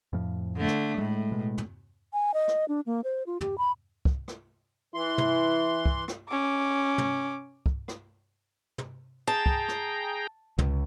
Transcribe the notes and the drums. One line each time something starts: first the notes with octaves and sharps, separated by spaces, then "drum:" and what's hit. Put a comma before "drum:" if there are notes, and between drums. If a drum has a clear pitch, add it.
F2 A2 F3
D3 A3
drum: rim click
A2 G#3
B2 G#3
drum: tom
G#5
D#5
drum: rim click
D4
A#3
C5
F4
G4, drum: tom
B5
drum: kick
drum: rim click
E3 E4 C6
drum: tom
drum: kick
drum: rim click
C#4 D6
drum: tom
drum: kick
drum: rim click
drum: tom
G#4 G5 A5 A#5
drum: kick
drum: rim click
C#2, drum: tom